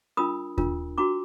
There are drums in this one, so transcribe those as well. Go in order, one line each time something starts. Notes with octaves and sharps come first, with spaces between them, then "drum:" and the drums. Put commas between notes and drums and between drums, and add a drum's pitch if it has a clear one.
D4 F4 A#4 B5 D#6
D4 F4 A#4, drum: kick D#2
D4 F#4 A#4 A#5 D6